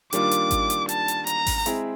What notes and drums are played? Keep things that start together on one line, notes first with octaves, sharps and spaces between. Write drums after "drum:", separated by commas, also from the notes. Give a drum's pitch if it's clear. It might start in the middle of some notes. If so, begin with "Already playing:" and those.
D#3 G3 A#3 D4 F4 D6, drum: hi-hat
drum: hi-hat
drum: kick G#1, hi-hat
drum: hi-hat
A5, drum: hi-hat
drum: hi-hat
A#5, drum: hi-hat
drum: kick G#1, open hi-hat
G#3 C4 E4 G#4, drum: hi-hat